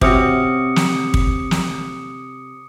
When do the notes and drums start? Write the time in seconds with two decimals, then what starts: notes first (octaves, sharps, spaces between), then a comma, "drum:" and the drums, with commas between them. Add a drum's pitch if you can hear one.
0.01 C3 C#4 F#4 D6 D#6 C#7, drum: kick
0.76 drum: snare
1.14 drum: kick
1.51 drum: snare